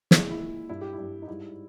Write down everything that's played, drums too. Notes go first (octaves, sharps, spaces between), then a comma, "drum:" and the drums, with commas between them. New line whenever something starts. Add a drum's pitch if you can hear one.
A#2 G#3 E4, drum: snare
E4
A#2 G#3
G2 G3 E4
G4
G2 E4
G3
D#4
G#2 G3 E4